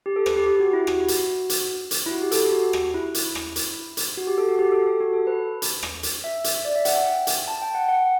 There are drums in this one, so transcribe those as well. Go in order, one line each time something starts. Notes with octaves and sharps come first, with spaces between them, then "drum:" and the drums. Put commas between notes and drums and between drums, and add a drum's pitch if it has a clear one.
G4
A4
B4, drum: rim click
G4
G4
F#4
E4
F#4, drum: rim click
drum: hi-hat
drum: hi-hat
drum: hi-hat
E4
F#4
G4
A4, drum: hi-hat
G4
F#4
drum: rim click
E4
drum: hi-hat
drum: rim click
drum: hi-hat
drum: hi-hat
F#4
G4
A4
F#4
G4
A4
A4
F#4
A4
B4
drum: hi-hat
drum: rim click
drum: hi-hat
E5
drum: hi-hat
D5
E5
F#5, drum: hi-hat
G5
drum: hi-hat
A5
G5
F#5
F#5